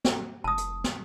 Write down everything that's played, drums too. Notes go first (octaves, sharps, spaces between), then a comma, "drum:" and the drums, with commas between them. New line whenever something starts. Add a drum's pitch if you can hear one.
drum: snare
F1 A5 D#6
drum: hi-hat
drum: snare